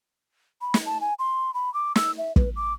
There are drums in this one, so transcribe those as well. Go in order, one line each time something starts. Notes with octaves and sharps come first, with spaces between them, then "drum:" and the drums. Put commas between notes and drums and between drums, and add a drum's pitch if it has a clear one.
B5
drum: snare
A5
G#5
C6
B5
D6
E6, drum: snare
E5
B4, drum: kick
D6